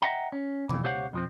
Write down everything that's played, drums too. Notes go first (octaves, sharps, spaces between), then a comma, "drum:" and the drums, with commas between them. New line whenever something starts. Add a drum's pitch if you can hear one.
D#5 E5 F#5 G5 A#5
C#4
F2 E3, drum: tom B2
C#2 G4 C5 C#5 F5 F#5
F2 F3 C4